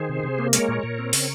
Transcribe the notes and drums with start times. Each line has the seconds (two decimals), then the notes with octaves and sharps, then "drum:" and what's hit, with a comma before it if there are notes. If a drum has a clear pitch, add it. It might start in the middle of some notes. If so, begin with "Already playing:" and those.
Already playing: D#3 G#4 C5
0.09 C3
0.23 C3
0.38 A#3
0.53 G#3 A#4 C#5, drum: hi-hat
0.68 A#2
0.83 A#2
0.98 C4
1.13 C#3, drum: open hi-hat